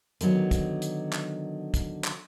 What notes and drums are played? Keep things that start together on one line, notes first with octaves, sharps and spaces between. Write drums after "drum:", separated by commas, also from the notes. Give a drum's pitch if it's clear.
D3 D#3 F#3 B3, drum: hi-hat
drum: kick, hi-hat
drum: hi-hat
drum: clap
drum: kick, hi-hat
drum: clap